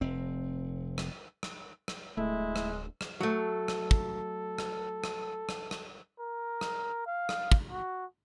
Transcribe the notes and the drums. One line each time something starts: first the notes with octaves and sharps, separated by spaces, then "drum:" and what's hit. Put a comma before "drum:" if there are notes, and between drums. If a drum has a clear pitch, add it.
F1 C4
drum: rim click
drum: rim click
drum: rim click
D1 G#3 A3 E4
drum: rim click
drum: rim click
F#3 A3 A4
drum: rim click
drum: kick
drum: rim click
drum: rim click
drum: rim click
drum: rim click
A#4
drum: rim click
F5
drum: rim click
drum: kick
F#4